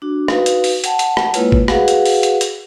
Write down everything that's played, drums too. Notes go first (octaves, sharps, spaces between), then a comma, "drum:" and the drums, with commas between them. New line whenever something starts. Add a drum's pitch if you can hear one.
D4 F#4
D#4 F#4 B4 F5, drum: rim click
drum: hi-hat
drum: open hi-hat
F#5 G5 A5, drum: hi-hat
drum: hi-hat
drum: rim click
G#3 A#3 E4 F4 B4 C#5, drum: hi-hat
drum: kick
F#4 G#4 B4 F5 F#5, drum: rim click
drum: hi-hat
drum: open hi-hat
drum: hi-hat
drum: hi-hat